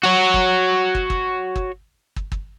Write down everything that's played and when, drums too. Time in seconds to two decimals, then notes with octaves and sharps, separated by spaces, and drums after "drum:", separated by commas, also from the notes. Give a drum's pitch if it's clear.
0.03 F#4 C#5
0.34 drum: kick
0.95 drum: kick
1.10 drum: kick
1.56 drum: kick
2.16 drum: kick
2.32 drum: kick